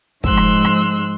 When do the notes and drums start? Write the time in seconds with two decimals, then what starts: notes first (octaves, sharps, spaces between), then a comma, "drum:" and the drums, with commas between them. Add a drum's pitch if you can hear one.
0.24 G#2 F3 G#3 C6 E6 F#6, drum: kick
0.37 drum: rim click
0.65 drum: rim click